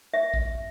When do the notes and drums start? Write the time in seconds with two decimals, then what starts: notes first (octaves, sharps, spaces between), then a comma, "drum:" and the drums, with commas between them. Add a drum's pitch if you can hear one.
0.14 E5
0.34 drum: kick A#1